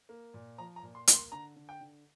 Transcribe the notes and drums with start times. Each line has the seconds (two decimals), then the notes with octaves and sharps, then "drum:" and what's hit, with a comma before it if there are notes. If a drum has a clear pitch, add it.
0.09 A#3
0.34 A#2
0.58 F3 A#5
0.76 A#5
0.83 A#2
0.95 C6
1.07 A#3, drum: hi-hat
1.14 C6
1.32 D3 A#5
1.56 D3
1.69 G5
1.81 D3